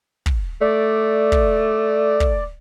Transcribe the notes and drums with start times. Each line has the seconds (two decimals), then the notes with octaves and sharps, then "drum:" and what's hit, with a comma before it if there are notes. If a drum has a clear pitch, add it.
0.26 drum: kick
0.61 A3 D5
1.32 drum: kick
2.20 drum: kick